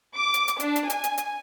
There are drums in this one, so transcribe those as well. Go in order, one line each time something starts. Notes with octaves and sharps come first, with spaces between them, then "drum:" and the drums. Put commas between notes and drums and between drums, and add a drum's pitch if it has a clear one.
D6
drum: hi-hat
drum: hi-hat
D4, drum: hi-hat
drum: hi-hat
G#5, drum: hi-hat
drum: hi-hat
drum: hi-hat